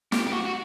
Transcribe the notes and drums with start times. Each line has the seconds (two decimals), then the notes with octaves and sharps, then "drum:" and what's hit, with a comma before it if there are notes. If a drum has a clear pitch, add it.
0.12 G4, drum: snare
0.27 G4
0.32 F#4
0.45 F#4